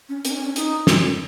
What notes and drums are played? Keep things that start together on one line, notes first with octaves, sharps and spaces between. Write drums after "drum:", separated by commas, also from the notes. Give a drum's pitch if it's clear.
C#4
C4, drum: hi-hat
D4
C#4
C#4
D#4, drum: hi-hat
drum: snare